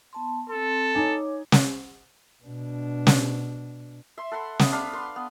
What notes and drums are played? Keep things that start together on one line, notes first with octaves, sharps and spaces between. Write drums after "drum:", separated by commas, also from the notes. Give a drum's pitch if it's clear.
B3 A5 C6
C4 A4 C6
D#4 C#5 G#5 D6
drum: snare
B2 D4
drum: snare
E5 C6
A4 F#5 B5 C6
B3, drum: snare
D4 F5 B5
B4 C6
B3